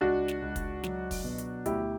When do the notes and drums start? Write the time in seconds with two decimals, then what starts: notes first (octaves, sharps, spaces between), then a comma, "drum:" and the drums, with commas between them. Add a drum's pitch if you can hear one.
0.01 C#2 D4 F#4
0.28 drum: snare
0.42 C#2
0.56 drum: kick, hi-hat
0.83 F#3, drum: snare
1.11 drum: kick, open hi-hat
1.24 B2
1.38 drum: hi-hat
1.66 D2 E4 G4, drum: hi-hat